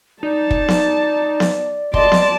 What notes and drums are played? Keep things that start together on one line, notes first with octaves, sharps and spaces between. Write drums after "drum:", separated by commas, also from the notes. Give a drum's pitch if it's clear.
D#4 D5 A5
drum: kick
drum: snare B3
drum: snare B3
D5 D#5 A5 C6, drum: kick
drum: snare B3